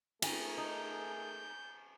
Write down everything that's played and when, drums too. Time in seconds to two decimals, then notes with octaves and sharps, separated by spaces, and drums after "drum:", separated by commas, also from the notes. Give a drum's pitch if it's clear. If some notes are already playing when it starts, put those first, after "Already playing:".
0.22 A3 G#4 A#4 G#5, drum: cymbal
0.58 D#4 G6